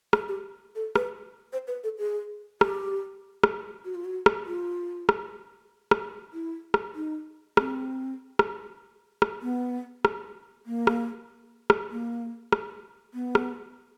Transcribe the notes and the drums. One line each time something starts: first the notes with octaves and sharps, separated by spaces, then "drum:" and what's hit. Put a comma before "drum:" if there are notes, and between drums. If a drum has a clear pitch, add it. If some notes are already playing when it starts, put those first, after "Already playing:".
G#4, drum: rim click
G4
A4
B4, drum: rim click
C5
B4
A4
G#4
G4, drum: rim click
drum: rim click
F#4
F4
F#4
drum: rim click
F4
drum: rim click
drum: rim click
E4
drum: rim click
D#4
C4, drum: rim click
drum: rim click
drum: rim click
B3
drum: rim click
A#3
drum: rim click
drum: rim click
A#3
drum: rim click
B3
drum: rim click